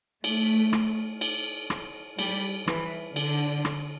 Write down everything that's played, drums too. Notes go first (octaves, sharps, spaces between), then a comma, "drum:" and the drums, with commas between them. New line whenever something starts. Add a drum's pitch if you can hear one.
A3, drum: cymbal
drum: rim click
drum: cymbal
drum: rim click
G3, drum: cymbal
E3, drum: rim click
D3, drum: cymbal
drum: rim click